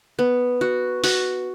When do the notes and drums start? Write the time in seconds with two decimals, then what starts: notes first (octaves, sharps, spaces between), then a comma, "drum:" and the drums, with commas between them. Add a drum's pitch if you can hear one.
0.19 B3
0.61 F#4
1.04 F#4, drum: open hi-hat